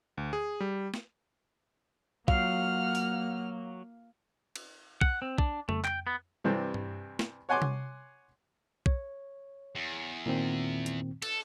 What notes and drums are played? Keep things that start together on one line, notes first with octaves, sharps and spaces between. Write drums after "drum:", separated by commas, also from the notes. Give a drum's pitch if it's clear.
D2
G#4
G3
drum: snare
F#3 A#3 F5 F#5 F6, drum: kick
drum: open hi-hat
drum: cymbal
F#5, drum: kick
C4
D4, drum: kick
A3, drum: tom F2
G5, drum: clap
B3
G2 C3 E3 G3 C4
drum: tom G2
drum: snare
C#5 F#5 G#5 C6 D6
drum: tom C3
C#5, drum: kick
E2
A#2 D#3 C4
drum: hi-hat
A4, drum: cymbal